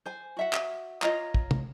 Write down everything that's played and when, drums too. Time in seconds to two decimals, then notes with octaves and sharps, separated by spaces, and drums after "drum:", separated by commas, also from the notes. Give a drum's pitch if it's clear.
0.06 C5 G#5
0.37 F#4 E5 F#5
0.53 drum: clap
1.02 F4 C#5 D#5 A#5, drum: clap
1.34 drum: kick
1.51 drum: tom